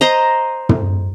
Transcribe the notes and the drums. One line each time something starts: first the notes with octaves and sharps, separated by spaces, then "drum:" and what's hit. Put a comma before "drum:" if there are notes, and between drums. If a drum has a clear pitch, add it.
C5 D#5 A#5
drum: tom